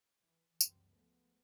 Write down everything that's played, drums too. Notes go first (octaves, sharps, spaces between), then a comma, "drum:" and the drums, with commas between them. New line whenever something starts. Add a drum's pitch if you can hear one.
E3
C#2 F#2 C3 G3 C4, drum: tambourine
F3 G#3 A3 B3